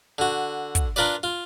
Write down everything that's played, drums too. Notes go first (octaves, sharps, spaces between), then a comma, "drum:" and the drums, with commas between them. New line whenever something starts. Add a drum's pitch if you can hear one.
D3 F#4
drum: kick, hi-hat
D4 F4 A#4 B4 D5
F4